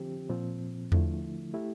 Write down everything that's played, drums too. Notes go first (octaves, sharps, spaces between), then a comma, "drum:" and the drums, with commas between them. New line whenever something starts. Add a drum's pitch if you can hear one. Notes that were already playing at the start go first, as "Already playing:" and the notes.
Already playing: D3 F3 C4 G4
A#2 F3 C4
D3 F3 A3 E4, drum: tom E2
A3 E4 G4